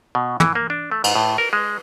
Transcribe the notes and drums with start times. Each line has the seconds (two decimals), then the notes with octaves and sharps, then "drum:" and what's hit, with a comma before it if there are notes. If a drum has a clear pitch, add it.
0.15 B2
0.40 E3, drum: tom
0.55 A#3
0.70 D4
0.92 A3
1.04 G#2, drum: cymbal
1.15 A2
1.38 A#4
1.53 G#3